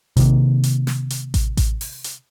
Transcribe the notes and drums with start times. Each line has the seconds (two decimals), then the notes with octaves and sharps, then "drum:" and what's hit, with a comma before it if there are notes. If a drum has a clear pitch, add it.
0.17 C3 D#3 A#3, drum: kick A1, hi-hat
0.64 drum: hi-hat
0.87 drum: snare
1.10 drum: hi-hat
1.34 drum: kick A1, hi-hat
1.57 drum: kick A1, hi-hat
1.81 drum: open hi-hat
2.04 drum: hi-hat